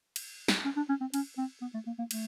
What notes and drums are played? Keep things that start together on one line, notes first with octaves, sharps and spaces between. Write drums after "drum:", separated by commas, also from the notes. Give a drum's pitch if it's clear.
drum: cymbal
drum: snare
C#4
D4
C#4
C4
C#4, drum: cymbal
C4
B3
A3
A#3
A#3
A3, drum: cymbal